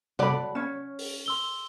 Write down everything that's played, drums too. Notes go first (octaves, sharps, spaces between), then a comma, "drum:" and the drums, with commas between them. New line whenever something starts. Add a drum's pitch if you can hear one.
F#3 F#4 A4 D5 B5, drum: tom C3
C#4 C#5
drum: open hi-hat
C6 E6 G7